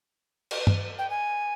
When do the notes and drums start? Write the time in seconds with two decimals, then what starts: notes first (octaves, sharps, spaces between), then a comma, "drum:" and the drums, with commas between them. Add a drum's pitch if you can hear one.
0.51 drum: cymbal
0.67 drum: tom
0.98 G5
1.10 G#5